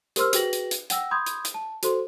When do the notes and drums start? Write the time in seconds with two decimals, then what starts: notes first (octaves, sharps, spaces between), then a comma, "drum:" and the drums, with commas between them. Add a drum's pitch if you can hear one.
0.16 G4 A#4 C5 C6 E6 F6, drum: hi-hat
0.33 F#4 G#4 B4 G5 A#6 F#7, drum: hi-hat
0.53 drum: hi-hat
0.71 drum: hi-hat
0.90 F#5 G5 E6 A#6, drum: hi-hat
1.11 B5 C6 D#6 G6 G#6
1.26 drum: hi-hat
1.45 drum: hi-hat
1.54 A5
1.83 F#4 A4 C5 C6, drum: hi-hat